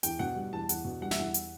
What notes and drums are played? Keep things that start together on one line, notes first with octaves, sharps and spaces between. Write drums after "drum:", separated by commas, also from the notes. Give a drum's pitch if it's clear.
E2 G5, drum: hi-hat
B2 F#5
G3
E2 A5
E2 F#5, drum: hi-hat
B2
G3 F#5
E5, drum: snare
E2 F#5
drum: hi-hat